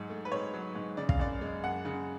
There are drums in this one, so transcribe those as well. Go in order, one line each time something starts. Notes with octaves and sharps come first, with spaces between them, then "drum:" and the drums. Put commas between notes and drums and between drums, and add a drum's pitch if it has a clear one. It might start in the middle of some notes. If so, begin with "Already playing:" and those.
Already playing: G#2 F#3
A3
B4
G#2 C#5
F#3
G#2
C#3 D5
F5, drum: kick
F#2 D5
G#3
F#2 F#5
C#3